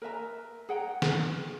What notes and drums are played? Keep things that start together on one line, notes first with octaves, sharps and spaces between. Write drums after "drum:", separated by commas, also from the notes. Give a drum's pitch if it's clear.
A#4 B4 E5 A#5
G#4 F#5 G5 A#5
G#4, drum: snare